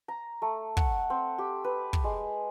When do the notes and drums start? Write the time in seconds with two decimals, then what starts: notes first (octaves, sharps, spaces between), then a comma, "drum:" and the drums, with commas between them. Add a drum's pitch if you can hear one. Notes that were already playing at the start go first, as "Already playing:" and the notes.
0.08 A#5
0.42 A3
0.77 F#5, drum: kick
1.10 C4
1.38 G4
1.64 B4
1.93 drum: kick
2.04 G#3